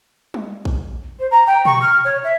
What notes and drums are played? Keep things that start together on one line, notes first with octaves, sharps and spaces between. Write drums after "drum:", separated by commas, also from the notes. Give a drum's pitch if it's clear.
drum: tom G3
drum: kick A#1
C5
A#5
G5
C#6, drum: tom B2
F6
C#5
E5